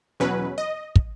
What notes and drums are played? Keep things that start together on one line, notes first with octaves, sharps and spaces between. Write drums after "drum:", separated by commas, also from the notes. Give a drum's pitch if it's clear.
E2 B2 F#3 C#4 B4
D#5
drum: kick